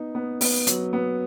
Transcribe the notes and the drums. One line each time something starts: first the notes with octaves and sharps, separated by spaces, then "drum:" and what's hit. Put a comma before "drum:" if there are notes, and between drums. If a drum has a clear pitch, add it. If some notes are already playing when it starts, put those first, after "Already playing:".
Already playing: B3 D#4
B3
B3, drum: open hi-hat
F#3, drum: hi-hat
B3